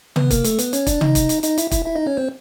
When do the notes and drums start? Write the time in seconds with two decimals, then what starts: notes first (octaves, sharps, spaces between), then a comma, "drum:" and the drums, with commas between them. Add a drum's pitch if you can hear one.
0.16 B3 B4, drum: tom
0.31 A#3 A#4, drum: kick, hi-hat
0.44 A3 A4, drum: hi-hat
0.59 B3 B4, drum: hi-hat
0.73 C#4 C#5, drum: hi-hat
0.87 D4 D5, drum: kick, hi-hat
1.01 D#4 D#5, drum: tom
1.15 drum: kick, hi-hat
1.29 drum: hi-hat
1.43 D#4 D#5, drum: hi-hat
1.58 E4 E5, drum: hi-hat
1.71 E4 E5, drum: kick, hi-hat
1.86 E4 E5
1.95 D#4 D#5
2.06 C#4 C#5
2.17 C4 C5